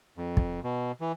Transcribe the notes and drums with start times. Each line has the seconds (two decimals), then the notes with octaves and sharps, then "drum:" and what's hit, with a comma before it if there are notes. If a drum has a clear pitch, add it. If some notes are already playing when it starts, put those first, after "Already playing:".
0.17 F2
0.37 drum: kick
0.64 B2
1.01 E3